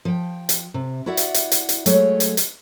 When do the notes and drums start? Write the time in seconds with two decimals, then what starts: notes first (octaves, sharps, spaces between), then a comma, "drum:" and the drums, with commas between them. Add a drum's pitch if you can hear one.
0.05 F3 G5
0.49 drum: hi-hat
0.74 C3
1.06 E4 F#4 D5 E5 F#5
1.17 drum: hi-hat
1.34 drum: hi-hat
1.52 drum: hi-hat
1.69 drum: hi-hat
1.86 F#3 G#3 A3 C#5, drum: hi-hat
2.20 drum: hi-hat
2.37 drum: hi-hat